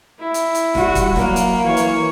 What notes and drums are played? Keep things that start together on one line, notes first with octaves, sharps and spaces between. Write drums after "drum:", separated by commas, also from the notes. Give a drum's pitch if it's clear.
E4
drum: hi-hat
drum: hi-hat
G3 F#4, drum: snare E1
drum: kick, hi-hat
F#3 A#3, drum: snare E1
drum: hi-hat
E3 C#5
drum: hi-hat